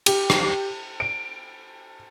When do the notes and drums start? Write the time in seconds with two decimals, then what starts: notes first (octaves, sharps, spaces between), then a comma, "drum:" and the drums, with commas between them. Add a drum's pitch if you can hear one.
0.06 G4, drum: cymbal
0.30 drum: rim click
1.00 D7